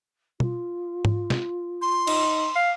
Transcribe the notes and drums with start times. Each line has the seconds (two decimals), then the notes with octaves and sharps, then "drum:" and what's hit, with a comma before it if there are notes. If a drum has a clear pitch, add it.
0.40 F4, drum: tom
1.05 drum: tom G#2
1.30 drum: snare
1.82 C6
2.07 D#4, drum: cymbal
2.55 F5